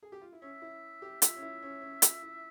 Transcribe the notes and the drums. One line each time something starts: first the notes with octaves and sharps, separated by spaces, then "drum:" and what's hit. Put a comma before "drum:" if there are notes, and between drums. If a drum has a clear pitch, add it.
G#4
G4
F4
E4
C#4 E5
E4
G4
F4 E5, drum: hi-hat
C#4
E4
C#4
C#4
F4, drum: hi-hat
E4